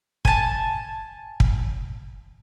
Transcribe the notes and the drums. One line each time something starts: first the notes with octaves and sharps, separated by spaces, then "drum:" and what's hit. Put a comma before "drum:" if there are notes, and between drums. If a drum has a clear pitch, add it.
G#5 A5, drum: kick
drum: kick